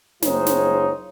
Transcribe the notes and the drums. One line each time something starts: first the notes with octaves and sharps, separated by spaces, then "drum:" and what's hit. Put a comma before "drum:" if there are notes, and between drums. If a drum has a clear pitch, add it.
F#1 G#3 D#4 F4 C5 C#5, drum: snare
drum: snare